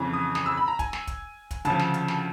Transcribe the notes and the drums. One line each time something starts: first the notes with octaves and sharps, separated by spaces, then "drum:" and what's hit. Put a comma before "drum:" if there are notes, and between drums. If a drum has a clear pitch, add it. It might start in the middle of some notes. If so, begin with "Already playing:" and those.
Already playing: F2 C#3 E3
D#6
D#6, drum: snare
E6
B5
A#5
G#5, drum: kick, hi-hat
drum: snare
drum: kick, hi-hat
drum: kick, hi-hat
D2 C#3 F3 A5, drum: hi-hat
drum: snare
drum: hi-hat
drum: snare